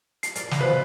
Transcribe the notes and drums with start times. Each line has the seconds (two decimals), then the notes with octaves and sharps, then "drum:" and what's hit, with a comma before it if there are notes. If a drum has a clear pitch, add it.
0.23 C7, drum: hi-hat
0.35 A#4 D5, drum: hi-hat
0.51 drum: snare
0.61 B2 F3 B4